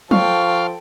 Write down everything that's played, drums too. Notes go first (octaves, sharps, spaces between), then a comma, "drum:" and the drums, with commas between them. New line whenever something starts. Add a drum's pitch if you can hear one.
F3 A4 F5 G5 C#6, drum: tom F3